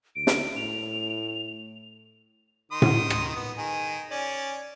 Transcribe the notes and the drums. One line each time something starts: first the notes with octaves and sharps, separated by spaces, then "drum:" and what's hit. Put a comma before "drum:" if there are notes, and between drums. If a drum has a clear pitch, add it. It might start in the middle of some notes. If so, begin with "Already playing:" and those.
D2 D7
drum: snare
A2 F7
D#3 C6 D#6
drum: tom A2
drum: rim click
B3
D#3 G#4
C#4 D5